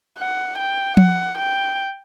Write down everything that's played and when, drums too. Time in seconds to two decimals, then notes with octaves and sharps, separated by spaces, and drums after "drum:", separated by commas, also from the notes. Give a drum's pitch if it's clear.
0.18 F#5
0.58 G5
0.97 F#5, drum: tom F3
1.38 G5